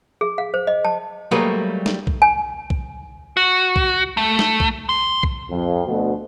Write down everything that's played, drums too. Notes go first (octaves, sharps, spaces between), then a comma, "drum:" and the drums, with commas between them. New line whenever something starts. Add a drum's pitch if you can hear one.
G#4
F5
C5
D#5
A5
F#3 G3 A3 A#3 G#4 B4
drum: snare
drum: kick B1
G#5
drum: kick B1
F#4
drum: kick B1
A3
drum: snare
drum: kick B1
C6
drum: kick B1
F2
D2 B2